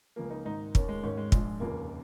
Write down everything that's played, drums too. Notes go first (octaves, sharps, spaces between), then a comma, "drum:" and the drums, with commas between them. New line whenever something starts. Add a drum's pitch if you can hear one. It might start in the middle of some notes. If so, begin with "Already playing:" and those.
C#2 C#3 F3 A#3
D#4
G#1 G#2 D#3 D#4
D#2 D#3 C#4, drum: kick
G#3
G#1 G#2 D#3 C#4
G#3
A#1 G#2 F3 G#3, drum: kick
F1 D#2 C#3 F3 A#3